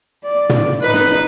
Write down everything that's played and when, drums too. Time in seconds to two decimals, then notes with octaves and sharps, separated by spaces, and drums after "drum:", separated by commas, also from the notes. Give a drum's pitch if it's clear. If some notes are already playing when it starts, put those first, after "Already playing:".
0.25 D5
0.49 drum: tom
0.82 D#4 B4 B5
0.93 drum: snare